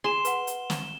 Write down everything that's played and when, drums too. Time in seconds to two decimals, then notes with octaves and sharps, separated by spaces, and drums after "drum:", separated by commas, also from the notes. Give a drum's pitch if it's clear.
0.04 G#4 C6 E7 G7
0.25 B4 F#5, drum: hi-hat
0.47 drum: hi-hat
0.70 drum: snare